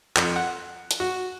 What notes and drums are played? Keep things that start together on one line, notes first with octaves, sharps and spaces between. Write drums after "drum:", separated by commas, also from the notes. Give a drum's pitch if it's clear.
F2, drum: clap
F#5
drum: hi-hat
F#4